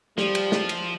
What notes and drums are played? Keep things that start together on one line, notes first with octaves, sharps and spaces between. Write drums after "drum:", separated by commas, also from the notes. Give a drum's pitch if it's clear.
F3 G3, drum: snare
drum: cymbal
drum: snare
drum: cymbal